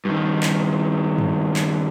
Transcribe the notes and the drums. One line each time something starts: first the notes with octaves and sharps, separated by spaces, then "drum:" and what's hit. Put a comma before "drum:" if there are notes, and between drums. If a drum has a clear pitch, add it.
G2 D#3
drum: clap
drum: tom G2
drum: clap